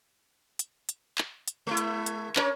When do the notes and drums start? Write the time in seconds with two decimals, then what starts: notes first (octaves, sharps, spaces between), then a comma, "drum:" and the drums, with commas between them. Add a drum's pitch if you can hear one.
0.59 drum: hi-hat
0.89 drum: hi-hat
1.18 drum: clap
1.48 drum: hi-hat
1.67 G#3 E4
1.77 drum: hi-hat
2.06 drum: hi-hat
2.36 C#4 A#4 C#5, drum: clap